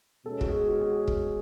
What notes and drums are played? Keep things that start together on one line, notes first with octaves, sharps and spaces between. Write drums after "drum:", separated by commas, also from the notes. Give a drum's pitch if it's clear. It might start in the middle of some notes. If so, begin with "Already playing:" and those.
B2 G#3 C#4 A4
F#4, drum: kick
G#4
F#4
G#4
F#4
drum: kick